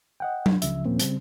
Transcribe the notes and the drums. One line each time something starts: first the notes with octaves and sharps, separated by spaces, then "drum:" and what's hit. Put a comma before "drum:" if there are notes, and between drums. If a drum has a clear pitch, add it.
D#5 F#5 G5
drum: tom F#3
C#2 C#3 F3 E5, drum: hi-hat
D#2 A#2 F3 A#3 C4 C#4
C#3 G3 C4, drum: hi-hat